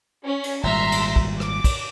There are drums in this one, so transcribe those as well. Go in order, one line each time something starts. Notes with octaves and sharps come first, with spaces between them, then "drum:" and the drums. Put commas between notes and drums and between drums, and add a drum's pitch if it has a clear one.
C#4
drum: cymbal
G#1 A#2 G3 E5 A#5 C6
drum: cymbal
drum: kick
D6, drum: rim click
drum: kick, cymbal